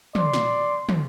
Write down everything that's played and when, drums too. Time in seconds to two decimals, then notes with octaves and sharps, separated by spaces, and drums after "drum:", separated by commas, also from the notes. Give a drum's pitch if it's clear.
0.15 D5 C6, drum: tom
0.33 drum: snare
0.89 drum: tom